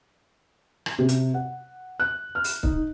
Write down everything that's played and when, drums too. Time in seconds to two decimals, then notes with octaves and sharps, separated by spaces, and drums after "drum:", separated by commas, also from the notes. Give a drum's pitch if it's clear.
0.86 drum: rim click
0.99 C3
1.09 drum: hi-hat
1.34 F#5
2.00 F#6
2.35 F6
2.44 drum: open hi-hat
2.63 D#4, drum: kick C#1